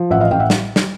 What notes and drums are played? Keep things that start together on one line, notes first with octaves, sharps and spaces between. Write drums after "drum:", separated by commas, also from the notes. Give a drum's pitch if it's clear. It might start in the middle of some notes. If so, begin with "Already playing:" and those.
Already playing: F3
A1 E5 F#5
D#5 F5
A1 F5 G5
E5 F#5
drum: snare
drum: snare